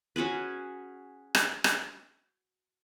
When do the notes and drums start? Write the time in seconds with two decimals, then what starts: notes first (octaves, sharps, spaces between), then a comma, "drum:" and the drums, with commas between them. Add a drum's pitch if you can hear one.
0.16 C#4 F#4 G#4 B4
1.35 drum: rim click
1.64 drum: rim click